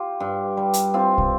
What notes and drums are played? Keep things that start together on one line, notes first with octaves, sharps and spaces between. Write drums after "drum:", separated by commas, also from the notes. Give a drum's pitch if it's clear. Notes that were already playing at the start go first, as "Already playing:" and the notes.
Already playing: F4 G4
G2
G3
drum: hi-hat
C4 F4
drum: kick